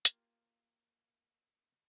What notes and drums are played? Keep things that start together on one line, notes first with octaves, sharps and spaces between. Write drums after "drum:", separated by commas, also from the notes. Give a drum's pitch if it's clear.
A#3 F4 G4, drum: hi-hat